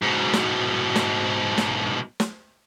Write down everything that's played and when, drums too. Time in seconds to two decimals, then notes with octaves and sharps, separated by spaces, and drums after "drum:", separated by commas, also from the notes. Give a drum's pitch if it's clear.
0.02 G#2 B2
0.33 drum: snare
0.96 drum: snare
1.58 drum: snare
2.20 drum: snare